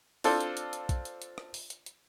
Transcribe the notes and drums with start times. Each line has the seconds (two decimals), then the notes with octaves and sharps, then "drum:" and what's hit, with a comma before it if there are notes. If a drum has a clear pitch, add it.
0.24 C4 D4 F4 A4 C5, drum: open hi-hat
0.40 drum: hi-hat
0.57 drum: hi-hat
0.73 drum: hi-hat
0.89 drum: kick B1, hi-hat
1.05 drum: hi-hat
1.22 drum: hi-hat
1.38 drum: rim click
1.54 drum: open hi-hat
1.70 drum: hi-hat
1.86 drum: hi-hat